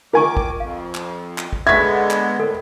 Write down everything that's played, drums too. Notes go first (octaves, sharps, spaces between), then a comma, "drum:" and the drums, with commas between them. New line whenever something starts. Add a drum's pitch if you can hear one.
D#3 F4 A#4 G#5 C#6 D6
drum: kick
F2 F5
drum: clap
drum: clap
drum: kick
D3 G#3 B3 E5 C#6 G#6 B6
drum: clap
A2 A4 A#4